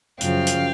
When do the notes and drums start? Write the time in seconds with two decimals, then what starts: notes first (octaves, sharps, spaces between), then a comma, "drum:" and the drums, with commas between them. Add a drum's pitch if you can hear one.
0.21 F#2 C#3 F3 F5 G5, drum: hi-hat
0.47 drum: hi-hat